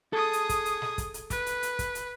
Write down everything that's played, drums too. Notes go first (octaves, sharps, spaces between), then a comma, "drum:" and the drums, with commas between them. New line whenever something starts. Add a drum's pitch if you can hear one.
G#4 A4 D#6
drum: hi-hat
drum: kick, hi-hat
drum: hi-hat
drum: snare
drum: kick, hi-hat
drum: hi-hat
B4, drum: kick, hi-hat
drum: hi-hat
drum: hi-hat
drum: kick, hi-hat
drum: hi-hat